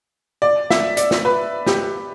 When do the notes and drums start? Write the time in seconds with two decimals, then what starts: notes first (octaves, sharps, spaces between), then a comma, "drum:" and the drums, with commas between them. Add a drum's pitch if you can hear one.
0.42 D5
0.70 E5, drum: snare
0.97 D5, drum: hi-hat
1.11 drum: snare
1.25 B4
1.66 G4, drum: snare